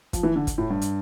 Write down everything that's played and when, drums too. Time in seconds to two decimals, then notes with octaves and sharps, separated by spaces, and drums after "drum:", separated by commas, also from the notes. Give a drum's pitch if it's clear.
0.13 F3, drum: kick, hi-hat
0.23 E3
0.36 D3
0.47 drum: kick, hi-hat
0.58 A2
0.70 G2
0.82 drum: hi-hat